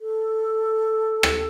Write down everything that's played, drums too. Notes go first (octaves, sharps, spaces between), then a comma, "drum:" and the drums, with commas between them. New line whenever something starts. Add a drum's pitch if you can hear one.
A4
drum: rim click